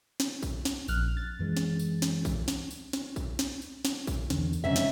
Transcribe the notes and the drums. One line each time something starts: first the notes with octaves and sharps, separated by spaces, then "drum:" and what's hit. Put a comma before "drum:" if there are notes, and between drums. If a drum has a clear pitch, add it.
drum: snare
drum: kick A#1, tambourine
drum: snare
A#1 F6 F#6, drum: tambourine
A6
F#2 E3 G#3
drum: snare
drum: tambourine
drum: snare
drum: kick A#1, tambourine
drum: snare
drum: tambourine
drum: snare
drum: kick A#1, tambourine
drum: snare
drum: tambourine
drum: snare
drum: kick A#1, tambourine
E2 D3, drum: snare
drum: tambourine
F1 F2 G#2 C#3 C#4 E5
drum: snare